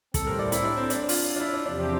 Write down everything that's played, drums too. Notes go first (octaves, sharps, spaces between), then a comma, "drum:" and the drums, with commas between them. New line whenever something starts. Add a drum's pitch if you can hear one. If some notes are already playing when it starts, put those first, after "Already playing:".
A2 G3 C4 A4, drum: kick, hi-hat
A#4
D5
E4, drum: hi-hat
D4
C4
D4, drum: hi-hat
F4, drum: open hi-hat
D4
E4
D4
E2 C3 F3 C4 D4 G4